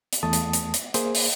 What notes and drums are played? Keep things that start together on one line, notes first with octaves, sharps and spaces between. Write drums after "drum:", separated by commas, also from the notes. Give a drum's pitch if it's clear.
drum: hi-hat
E2 A3 A5 D#6
drum: hi-hat
drum: hi-hat
drum: hi-hat
A#3 G#4 C5, drum: hi-hat
drum: open hi-hat